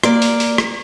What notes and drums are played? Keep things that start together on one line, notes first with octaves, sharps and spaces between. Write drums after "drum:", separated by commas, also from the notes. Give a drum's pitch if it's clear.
A#3 D5, drum: rim click
drum: open hi-hat
drum: open hi-hat
drum: rim click